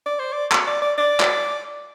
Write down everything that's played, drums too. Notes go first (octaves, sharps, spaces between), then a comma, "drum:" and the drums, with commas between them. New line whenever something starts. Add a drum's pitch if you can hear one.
D5
C5
D5
drum: clap
D5
D5
D5
drum: clap